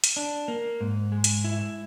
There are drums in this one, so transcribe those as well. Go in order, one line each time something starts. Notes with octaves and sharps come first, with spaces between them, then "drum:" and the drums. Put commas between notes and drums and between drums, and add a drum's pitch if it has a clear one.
drum: hi-hat
D4
A#3
G#2
G#3
drum: hi-hat
E4